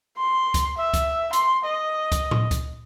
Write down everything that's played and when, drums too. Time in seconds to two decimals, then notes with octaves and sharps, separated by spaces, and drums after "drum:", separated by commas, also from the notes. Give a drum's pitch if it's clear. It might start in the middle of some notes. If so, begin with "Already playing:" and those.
0.18 C6
0.54 drum: kick C#2, hi-hat
0.78 E5
0.94 drum: kick C#2, hi-hat
1.33 C6, drum: hi-hat
1.64 D#5
2.12 drum: kick C#2, hi-hat
2.31 drum: tom A2
2.51 drum: kick C#2, hi-hat